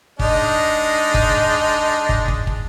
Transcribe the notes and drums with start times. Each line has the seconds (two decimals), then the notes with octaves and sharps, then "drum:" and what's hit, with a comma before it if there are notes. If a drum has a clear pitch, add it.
0.19 G#3 D4 D#4, drum: kick
1.14 drum: kick
2.09 drum: kick
2.28 drum: kick
2.47 drum: kick